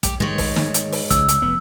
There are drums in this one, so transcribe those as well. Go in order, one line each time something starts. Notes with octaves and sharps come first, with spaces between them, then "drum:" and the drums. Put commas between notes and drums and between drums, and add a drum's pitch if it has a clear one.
G4, drum: kick, hi-hat
G#2 D#3 G#3 C#5
drum: kick, open hi-hat
drum: snare
drum: hi-hat
drum: open hi-hat
C#2 E6, drum: kick, hi-hat
drum: hi-hat
F1 B3